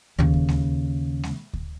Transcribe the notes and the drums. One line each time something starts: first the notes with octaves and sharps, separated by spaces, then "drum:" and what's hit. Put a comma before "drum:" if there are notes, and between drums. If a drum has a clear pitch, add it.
D#2 C#3
drum: kick D2
drum: snare G#3
drum: snare G#3
drum: kick D2